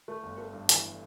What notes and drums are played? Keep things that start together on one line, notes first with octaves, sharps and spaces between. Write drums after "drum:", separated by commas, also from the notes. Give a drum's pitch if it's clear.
A3
G1
A3
G2
E3, drum: hi-hat